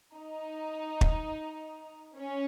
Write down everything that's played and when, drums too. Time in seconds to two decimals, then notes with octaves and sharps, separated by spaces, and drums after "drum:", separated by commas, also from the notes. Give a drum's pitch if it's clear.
0.14 D#4
1.01 drum: kick
2.17 C#4